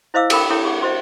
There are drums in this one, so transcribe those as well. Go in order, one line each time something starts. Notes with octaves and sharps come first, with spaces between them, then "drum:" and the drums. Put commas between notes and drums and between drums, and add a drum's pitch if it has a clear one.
E4 C5 D#5 F5 D6 E6
G4 A4 A#4 G5 B5 D6, drum: cymbal
E4 G4 A4 C#5
G4 G#4 F#5
F#4 C5 D#5